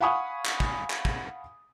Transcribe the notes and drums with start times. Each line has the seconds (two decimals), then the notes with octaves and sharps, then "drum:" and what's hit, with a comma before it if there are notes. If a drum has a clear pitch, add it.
0.01 F5 F#5 G#5 B5 C#6 D#6
0.45 drum: clap
0.60 drum: kick
0.90 drum: clap
1.05 drum: kick